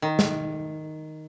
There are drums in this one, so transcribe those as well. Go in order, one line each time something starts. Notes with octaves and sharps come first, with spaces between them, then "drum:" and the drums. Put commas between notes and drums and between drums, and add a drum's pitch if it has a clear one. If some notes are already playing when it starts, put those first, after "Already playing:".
D#3
drum: snare